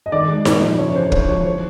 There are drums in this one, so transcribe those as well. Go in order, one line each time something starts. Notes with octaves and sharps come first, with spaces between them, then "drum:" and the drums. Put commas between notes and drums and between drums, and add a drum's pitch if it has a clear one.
D#5
D#3 D5
G#3
A#2, drum: snare D#4
F3
C#3 C#5
C#5
E3 C5
D3 C#5, drum: kick
F3 C#5
E3 C5